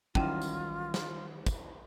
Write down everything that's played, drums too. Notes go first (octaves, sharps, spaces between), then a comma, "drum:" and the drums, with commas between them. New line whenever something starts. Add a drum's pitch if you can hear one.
D#3 E3 F#3 G3 C#4 F4 A5 A#5, drum: kick
drum: tambourine
drum: snare
drum: kick, tambourine